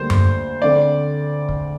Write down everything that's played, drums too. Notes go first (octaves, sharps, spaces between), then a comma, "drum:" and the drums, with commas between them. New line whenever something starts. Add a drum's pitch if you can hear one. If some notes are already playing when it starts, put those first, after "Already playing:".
Already playing: D2 D3 G3 A#3 C5
drum: tom F#2
D2 D3 A3 C4 D5
drum: kick